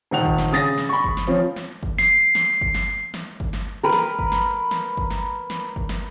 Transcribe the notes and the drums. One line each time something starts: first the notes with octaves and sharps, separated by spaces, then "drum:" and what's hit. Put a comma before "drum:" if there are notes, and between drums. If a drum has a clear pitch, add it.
D#1 D#3 F#5 F7
drum: kick G1
drum: snare
C#3 D#6 A6 A#6
drum: snare
B5 C#6
drum: kick G1
drum: snare
F3 C4 C#4
drum: snare
drum: kick G1
C7, drum: snare
drum: snare
drum: kick G1
drum: snare
drum: snare
drum: kick G1
drum: snare
A#4 B4
drum: snare
drum: kick G1
drum: snare
drum: snare
drum: kick G1
drum: snare
drum: snare
drum: kick G1
drum: snare